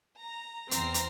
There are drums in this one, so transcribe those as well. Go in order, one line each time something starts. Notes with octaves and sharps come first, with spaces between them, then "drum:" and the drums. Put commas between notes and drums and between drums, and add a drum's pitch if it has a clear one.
A#5
E2 C4 A#5 C7, drum: hi-hat
drum: hi-hat